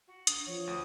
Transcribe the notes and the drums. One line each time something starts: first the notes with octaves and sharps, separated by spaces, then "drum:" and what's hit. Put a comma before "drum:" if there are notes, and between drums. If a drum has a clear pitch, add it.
F#4
D4 D#6, drum: hi-hat
F3 C#5
D2 D#6